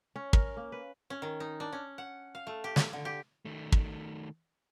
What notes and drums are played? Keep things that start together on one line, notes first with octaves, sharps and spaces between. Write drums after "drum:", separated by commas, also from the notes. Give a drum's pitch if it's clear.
C#4
A#4, drum: kick
A#3
B4
C#4
D#3
D#4
D4
C#4
F#5
F5
A3
G4
G#5, drum: snare
D3
G4
D#3 A3
drum: kick